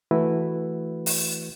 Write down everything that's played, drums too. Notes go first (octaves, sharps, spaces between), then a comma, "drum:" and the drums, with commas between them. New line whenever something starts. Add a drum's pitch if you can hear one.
E3 A3 E4 F#4 B4
drum: open hi-hat